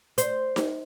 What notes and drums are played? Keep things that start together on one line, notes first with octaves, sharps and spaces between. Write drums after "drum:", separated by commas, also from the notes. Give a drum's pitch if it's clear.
C5, drum: hi-hat
drum: snare D#4